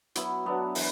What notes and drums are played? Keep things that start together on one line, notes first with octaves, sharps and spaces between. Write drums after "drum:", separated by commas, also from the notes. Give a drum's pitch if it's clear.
F#3 B3 E4, drum: hi-hat
F#3 B3 D4
E3, drum: open hi-hat